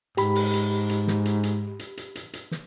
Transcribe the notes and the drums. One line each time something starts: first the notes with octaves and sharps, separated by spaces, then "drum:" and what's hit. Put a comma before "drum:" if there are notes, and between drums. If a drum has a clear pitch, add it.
G#2 G4 B5, drum: hi-hat
drum: open hi-hat
drum: hi-hat
drum: hi-hat
drum: snare
drum: hi-hat
drum: hi-hat
drum: hi-hat
drum: hi-hat
drum: hi-hat
drum: hi-hat
drum: snare